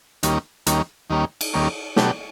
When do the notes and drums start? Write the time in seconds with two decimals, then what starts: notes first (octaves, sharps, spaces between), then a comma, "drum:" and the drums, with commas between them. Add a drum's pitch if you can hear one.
0.23 D#2 D#3 G3 A#3 C#4, drum: hi-hat
0.67 D#2 D#3 G3 A#3 C#4, drum: hi-hat
1.10 D#2 D#3 G3 A#3 C#4
1.41 drum: cymbal
1.54 D#2 D#3 G3 A#3 C#4
1.96 B2 F#3 A3 D4 G4, drum: snare